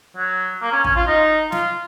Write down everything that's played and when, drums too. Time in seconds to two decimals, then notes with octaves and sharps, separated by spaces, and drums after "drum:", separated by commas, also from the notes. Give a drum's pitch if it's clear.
0.17 F#3
0.62 A#3
0.72 C#4
0.84 C#4, drum: kick
0.96 F4
1.07 D#4
1.52 F4, drum: snare